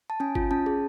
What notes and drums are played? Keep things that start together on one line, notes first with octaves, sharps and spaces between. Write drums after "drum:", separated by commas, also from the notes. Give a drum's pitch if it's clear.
A5
C#4 G#5
F4, drum: kick G1
C#4 A5
G#4